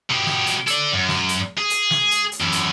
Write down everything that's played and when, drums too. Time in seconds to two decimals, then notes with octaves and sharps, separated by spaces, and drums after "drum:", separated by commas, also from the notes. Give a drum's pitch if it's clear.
0.10 B2 G4
0.26 drum: snare
0.47 drum: hi-hat
0.67 A4 D5, drum: hi-hat
0.93 F#2
1.08 drum: snare
1.29 drum: hi-hat
1.58 G#4
1.70 drum: hi-hat
1.91 drum: snare
2.11 drum: hi-hat
2.32 drum: hi-hat
2.42 F#2 E3
2.52 drum: hi-hat